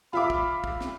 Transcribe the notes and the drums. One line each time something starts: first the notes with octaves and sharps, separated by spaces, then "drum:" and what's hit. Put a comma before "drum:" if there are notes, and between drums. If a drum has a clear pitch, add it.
F4 E5 B5 D6
drum: kick
drum: kick
drum: snare